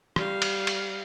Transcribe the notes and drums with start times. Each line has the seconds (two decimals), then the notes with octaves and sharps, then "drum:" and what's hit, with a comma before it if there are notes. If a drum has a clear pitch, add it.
0.16 G3 F5, drum: rim click
0.42 drum: cymbal
0.67 drum: cymbal